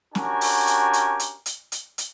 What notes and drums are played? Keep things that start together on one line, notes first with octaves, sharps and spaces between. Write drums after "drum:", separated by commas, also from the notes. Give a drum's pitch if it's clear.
C#4 D4 F#4 G4 A#4 G#5, drum: snare
drum: open hi-hat
drum: hi-hat
drum: hi-hat
drum: hi-hat
drum: hi-hat
drum: hi-hat
drum: hi-hat